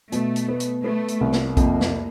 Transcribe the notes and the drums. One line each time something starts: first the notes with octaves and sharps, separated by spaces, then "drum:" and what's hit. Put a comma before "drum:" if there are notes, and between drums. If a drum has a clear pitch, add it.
B2 A3, drum: hi-hat
drum: hi-hat
B3
drum: hi-hat
A3 B3
drum: hi-hat
C2
drum: snare
F2 A#3, drum: kick A#1, hi-hat
drum: snare